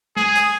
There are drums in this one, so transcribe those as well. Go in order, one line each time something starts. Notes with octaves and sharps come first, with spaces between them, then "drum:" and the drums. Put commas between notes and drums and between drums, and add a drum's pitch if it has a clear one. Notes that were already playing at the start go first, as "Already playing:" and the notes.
G#4, drum: snare
drum: hi-hat